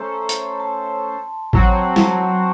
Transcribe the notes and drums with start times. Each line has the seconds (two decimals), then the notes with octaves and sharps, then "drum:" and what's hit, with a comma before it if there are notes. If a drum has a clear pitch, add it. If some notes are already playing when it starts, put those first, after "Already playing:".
Already playing: A3 C#4 A4 C5 A#5 C#6
0.29 drum: hi-hat
0.60 A5 C6
1.53 F#3 C4 F#4 A#5 C#6, drum: kick A1
1.68 A5 C6
1.84 A5 C6
1.96 drum: snare